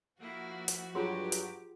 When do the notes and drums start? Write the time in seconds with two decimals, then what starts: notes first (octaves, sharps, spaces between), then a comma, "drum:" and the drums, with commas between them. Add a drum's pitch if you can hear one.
0.20 F3 A#3 E4 F#4
0.68 drum: hi-hat
0.95 G2 F#3 F4 G4 G#4 C6
1.32 drum: hi-hat